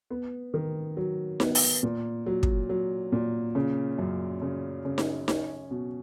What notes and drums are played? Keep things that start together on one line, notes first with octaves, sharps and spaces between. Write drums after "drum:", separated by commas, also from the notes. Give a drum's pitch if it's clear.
B3
D#3
F#3
B3, drum: snare D#4
drum: open hi-hat
A#2
F#3
drum: kick
F#3
A#2
C#3
F#2
C#3
C#3
drum: snare D#4
C#4, drum: snare D#4
B2